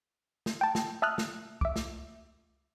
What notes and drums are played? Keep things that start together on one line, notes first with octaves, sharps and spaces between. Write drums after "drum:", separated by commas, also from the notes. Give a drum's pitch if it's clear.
drum: snare
G5 A5
drum: snare
E5 A5 D#6 F6 F#6
drum: snare
E5 D6, drum: kick
drum: snare